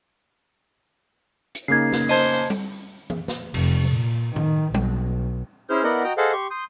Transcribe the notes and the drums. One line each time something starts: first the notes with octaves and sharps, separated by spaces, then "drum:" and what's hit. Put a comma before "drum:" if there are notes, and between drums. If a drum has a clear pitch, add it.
drum: hi-hat
C#3 A#3 D#4 G#6 C7
drum: snare
C5 D#5 A5 G#6, drum: open hi-hat
drum: tom G3
drum: tom E3
drum: snare
F1, drum: cymbal
A#2
D#3, drum: tom A2
B1, drum: tom G3
C#4 E4 G#4 C5 F6 G6
B3 E4 A#4 D5 D#5 F#5
F#4 D#5 G5 A#5
G#4 A4 C5 D#5 F5 F#5
G4 C6 C#6
C6 D#6 G6